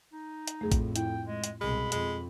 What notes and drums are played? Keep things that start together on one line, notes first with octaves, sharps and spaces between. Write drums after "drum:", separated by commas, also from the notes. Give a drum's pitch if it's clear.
D#4
drum: hi-hat
F2 A2 A3 G#4
drum: kick A1, hi-hat
E4 G5, drum: hi-hat
G#3
drum: hi-hat
C2 B2 G#3 B5
F2 G#3, drum: hi-hat